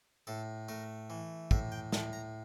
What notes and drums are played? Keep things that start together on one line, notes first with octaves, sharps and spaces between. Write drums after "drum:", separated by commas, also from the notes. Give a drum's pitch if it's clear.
A2 A4
A3 A#4
E3
A2 E5, drum: kick
G5
A2 A5, drum: snare
A#5